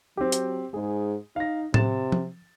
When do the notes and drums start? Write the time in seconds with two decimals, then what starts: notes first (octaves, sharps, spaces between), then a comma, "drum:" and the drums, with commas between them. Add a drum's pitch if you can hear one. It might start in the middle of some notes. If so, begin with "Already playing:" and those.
0.17 F#3 C4 G4
0.32 drum: hi-hat
0.74 G#2 G#4
1.36 D#4 F5 A#6
1.74 C3 A6 E7, drum: tom A2
2.12 drum: tom F3